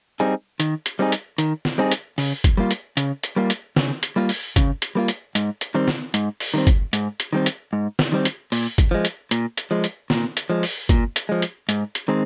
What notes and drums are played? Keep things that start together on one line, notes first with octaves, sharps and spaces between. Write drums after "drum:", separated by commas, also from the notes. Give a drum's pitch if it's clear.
G3 C4 D#4 G#4
D#3, drum: hi-hat
drum: hi-hat
G3 C4 D#4 G#4
drum: hi-hat
D#3, drum: hi-hat
drum: snare
G3 C4 D#4 G#4
drum: hi-hat
C#3, drum: open hi-hat
drum: kick G1, hi-hat
G3 A#3 F4
drum: hi-hat
C#3, drum: hi-hat
drum: hi-hat
G3 A#3 F4
drum: hi-hat
C#3, drum: snare
drum: hi-hat
G3 A#3 F4
drum: open hi-hat
C#3, drum: kick G1, hi-hat
drum: hi-hat
G3 A#3 F4
drum: hi-hat
G#2, drum: hi-hat
drum: hi-hat
D#3 G3 C4
drum: snare
G#2, drum: hi-hat
drum: open hi-hat
D#3 G3 C4
drum: kick G1, hi-hat
G#2, drum: hi-hat
drum: hi-hat
D#3 G3 C4
drum: hi-hat
G#2
drum: snare
D#3 G3 C4
drum: hi-hat
A#2, drum: open hi-hat
drum: kick G1, hi-hat
F3 G#3
drum: hi-hat
A#2, drum: hi-hat
drum: hi-hat
F3 G#3
drum: hi-hat
A#2, drum: snare
drum: hi-hat
F3 G#3
drum: open hi-hat
A#2, drum: kick G1, hi-hat
drum: hi-hat
F3 G#3
drum: hi-hat
G#2, drum: hi-hat
drum: hi-hat
D#3 G#3 C4